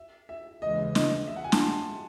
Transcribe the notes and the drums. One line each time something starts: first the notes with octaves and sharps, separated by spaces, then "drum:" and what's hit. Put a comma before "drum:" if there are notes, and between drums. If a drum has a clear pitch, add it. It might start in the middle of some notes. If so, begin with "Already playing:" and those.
Already playing: E5
E5
D#2 C#3 E3 G#3 D#5
D#5, drum: snare
E5
F#5
G#5
A5, drum: snare
C6